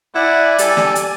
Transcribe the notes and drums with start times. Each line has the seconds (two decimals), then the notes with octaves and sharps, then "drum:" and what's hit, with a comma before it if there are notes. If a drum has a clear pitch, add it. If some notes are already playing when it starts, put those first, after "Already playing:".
0.15 E4 D5 F#5 G#5
0.58 G3 A4, drum: hi-hat
0.77 drum: snare
0.95 drum: hi-hat